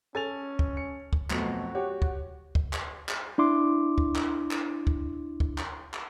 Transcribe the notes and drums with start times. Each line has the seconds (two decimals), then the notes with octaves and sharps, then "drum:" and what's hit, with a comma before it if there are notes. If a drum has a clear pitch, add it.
0.15 C#4 A4 G#5 A6 F7
0.59 drum: kick
0.77 C#7
1.13 drum: kick
1.30 F2 B2 F#3 A3 F#4, drum: clap
1.75 G4 C#5 F#5
2.02 drum: kick
2.55 drum: kick
2.73 drum: clap
3.09 drum: clap
3.38 D4 E4 C6 D6
3.98 drum: kick
4.16 drum: clap
4.51 drum: clap
4.87 drum: kick
5.40 drum: kick
5.58 drum: clap
5.94 drum: clap